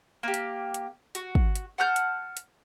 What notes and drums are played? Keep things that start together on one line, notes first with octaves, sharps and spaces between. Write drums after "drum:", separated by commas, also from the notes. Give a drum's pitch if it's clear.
A#3 G4
drum: hi-hat
drum: hi-hat
F#4, drum: hi-hat
drum: kick
drum: hi-hat
F#5 A5 F6 G6
drum: hi-hat
drum: hi-hat